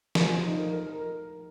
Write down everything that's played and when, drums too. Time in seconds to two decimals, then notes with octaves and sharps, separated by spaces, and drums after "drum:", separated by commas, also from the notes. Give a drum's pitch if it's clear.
0.15 F3, drum: snare
0.29 F3
0.44 D#4
0.59 A#4
0.73 A#4
0.87 A#4